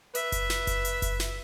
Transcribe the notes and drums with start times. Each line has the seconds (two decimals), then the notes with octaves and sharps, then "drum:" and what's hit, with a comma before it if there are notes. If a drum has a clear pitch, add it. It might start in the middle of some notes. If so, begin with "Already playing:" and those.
0.15 B4 E5, drum: hi-hat
0.32 drum: kick F#1, hi-hat
0.50 drum: snare
0.67 drum: kick F#1, hi-hat
0.85 drum: hi-hat
1.02 drum: kick F#1, hi-hat
1.20 drum: snare